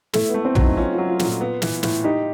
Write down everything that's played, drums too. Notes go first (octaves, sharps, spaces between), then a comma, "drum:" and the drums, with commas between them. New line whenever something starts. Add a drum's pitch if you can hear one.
A3 E4, drum: snare
B3
A3
C4
F#3, drum: tom
D#4
C#4 F4
F4
F#3
F4
A#2 F4, drum: snare
B3
E3, drum: snare
A2, drum: snare
D#4 G4